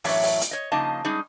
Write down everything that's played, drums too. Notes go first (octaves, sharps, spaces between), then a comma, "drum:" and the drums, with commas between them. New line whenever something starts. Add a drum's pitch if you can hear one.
F#2 A2 E3 F#3 C#5 E5, drum: open hi-hat
drum: open hi-hat
drum: hi-hat
C#5 D#5
C#3 F3 A#3 D#4 D#5 A5
G3 G#3 C#4 D#4 G#4